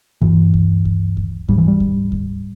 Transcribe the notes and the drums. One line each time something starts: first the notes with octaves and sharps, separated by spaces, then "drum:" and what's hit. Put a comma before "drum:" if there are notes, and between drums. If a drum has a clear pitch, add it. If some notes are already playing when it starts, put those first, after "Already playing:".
G2 E3, drum: kick D2
drum: kick D2
drum: kick D2
drum: kick D2
G#2 G3, drum: kick D2
E3
G3
drum: kick D2
drum: kick D2